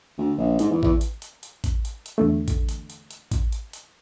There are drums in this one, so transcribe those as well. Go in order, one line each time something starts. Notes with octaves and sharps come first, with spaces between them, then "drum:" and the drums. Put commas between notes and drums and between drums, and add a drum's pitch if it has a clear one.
D2
A#1
G#2, drum: hi-hat
E2
E2, drum: kick A1
drum: hi-hat
drum: hi-hat
drum: hi-hat
drum: kick A1, hi-hat
drum: hi-hat
drum: hi-hat
E2 D3 A3
drum: kick A1, hi-hat
drum: hi-hat
drum: hi-hat
drum: hi-hat
drum: kick A1, hi-hat
drum: hi-hat
drum: hi-hat